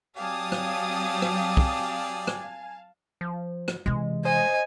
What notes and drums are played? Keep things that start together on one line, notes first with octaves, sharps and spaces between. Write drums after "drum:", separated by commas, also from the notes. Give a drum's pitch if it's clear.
F#3 C4 G4 D5 F5 G#5 A5 D#6
drum: rim click
drum: rim click
drum: kick
drum: rim click
F3
drum: rim click
C3 E3 G#3
C5 D#5 G#5